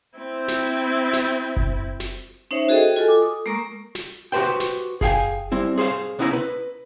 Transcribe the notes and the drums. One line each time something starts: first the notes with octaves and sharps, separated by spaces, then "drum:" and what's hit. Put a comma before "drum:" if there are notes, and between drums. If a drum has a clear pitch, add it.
C4 E4
drum: snare
drum: snare
drum: kick F#1
drum: snare
C#4 D#4 C5 C#5 E5
F#4 G#4 A4 D#5 G5
F4 A4 G#5
D6
D#6
G#3 A#3 A#4 A#5 C#6
drum: snare
F#4 G4 B4 C5 G5
drum: snare
G#4 F5 G5 G#5, drum: kick F#1
G3 C4 E4
G#4 C5 C#5 F5
C#2 B3 C#4 E4 F5 A#5
B4